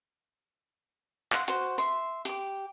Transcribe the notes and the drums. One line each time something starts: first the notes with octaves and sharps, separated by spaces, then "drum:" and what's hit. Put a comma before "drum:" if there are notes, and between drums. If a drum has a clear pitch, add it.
F5 F#5 C6, drum: clap
F#4 C5, drum: hi-hat
E5 C6, drum: tambourine
G4 D6, drum: hi-hat